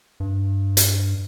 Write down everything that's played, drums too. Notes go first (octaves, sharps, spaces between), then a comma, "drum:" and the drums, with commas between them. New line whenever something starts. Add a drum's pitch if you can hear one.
G2
drum: hi-hat